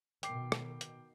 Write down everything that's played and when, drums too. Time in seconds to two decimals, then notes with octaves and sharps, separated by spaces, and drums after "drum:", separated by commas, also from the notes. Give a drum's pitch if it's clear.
0.23 B2 D#3 G5 D6 C7, drum: hi-hat
0.52 drum: rim click
0.81 drum: hi-hat